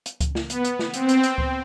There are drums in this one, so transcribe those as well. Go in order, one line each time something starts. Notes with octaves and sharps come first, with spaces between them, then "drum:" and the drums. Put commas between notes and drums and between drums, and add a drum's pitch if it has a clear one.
drum: hi-hat
drum: kick C#2, hi-hat
drum: snare
B3, drum: hi-hat
drum: hi-hat
drum: snare
C4, drum: hi-hat
drum: hi-hat
drum: hi-hat
drum: kick C#2